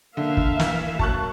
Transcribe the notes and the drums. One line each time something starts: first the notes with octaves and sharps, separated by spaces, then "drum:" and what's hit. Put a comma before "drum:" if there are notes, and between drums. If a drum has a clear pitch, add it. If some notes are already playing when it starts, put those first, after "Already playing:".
D3 A#3 E5 F5
drum: kick
E3, drum: snare
F#3 A#3 A5 C#6 F#6, drum: kick